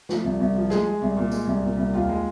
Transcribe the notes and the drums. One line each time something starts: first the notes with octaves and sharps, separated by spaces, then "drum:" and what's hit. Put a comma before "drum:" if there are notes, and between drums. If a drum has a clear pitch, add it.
F3, drum: snare
C2
C2
F3
G#3 G#4, drum: snare
G#3
C2
A#2
G#3, drum: tambourine
C2
A#2
C2
D#2 F4
G#3